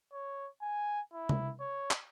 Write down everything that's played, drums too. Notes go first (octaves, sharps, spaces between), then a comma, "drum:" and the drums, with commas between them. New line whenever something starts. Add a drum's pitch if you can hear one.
C#5
G#5
E4
drum: tom C3
C#5
drum: clap